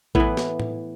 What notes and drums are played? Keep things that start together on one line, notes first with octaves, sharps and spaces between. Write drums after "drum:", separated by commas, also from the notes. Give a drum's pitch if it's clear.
A2 E3 B3 E4, drum: kick A1
drum: snare
drum: tom A2